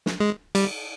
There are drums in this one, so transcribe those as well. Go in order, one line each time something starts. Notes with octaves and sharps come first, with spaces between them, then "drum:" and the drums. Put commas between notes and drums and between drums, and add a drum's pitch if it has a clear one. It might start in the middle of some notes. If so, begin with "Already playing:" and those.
drum: snare
G#3
G3, drum: cymbal